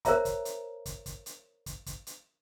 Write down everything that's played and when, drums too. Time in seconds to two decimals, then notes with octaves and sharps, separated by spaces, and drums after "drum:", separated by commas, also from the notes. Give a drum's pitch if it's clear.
0.05 A#4 C5 C#5 E5 A#5, drum: kick, hi-hat
0.25 drum: kick, hi-hat
0.45 drum: hi-hat
0.86 drum: kick, hi-hat
1.06 drum: kick, hi-hat
1.26 drum: hi-hat
1.66 drum: kick, hi-hat
1.86 drum: kick, hi-hat
2.07 drum: hi-hat